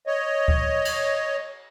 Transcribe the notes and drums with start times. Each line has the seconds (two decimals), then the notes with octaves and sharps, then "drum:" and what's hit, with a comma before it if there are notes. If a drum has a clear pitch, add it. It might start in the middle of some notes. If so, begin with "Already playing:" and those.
0.07 C#5 D#5
0.48 drum: kick D2
0.85 drum: cymbal